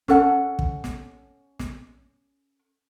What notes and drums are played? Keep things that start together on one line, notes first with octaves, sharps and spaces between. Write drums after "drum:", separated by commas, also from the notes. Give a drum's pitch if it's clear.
C#4 A4 F#5, drum: snare
drum: kick
drum: snare
drum: snare